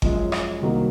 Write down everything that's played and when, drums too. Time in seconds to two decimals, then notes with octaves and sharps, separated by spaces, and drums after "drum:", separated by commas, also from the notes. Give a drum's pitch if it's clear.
0.02 F#2 F3 G#3 C#4, drum: kick G1
0.32 drum: rim click
0.62 C2 C3 D#3 F#3 A#3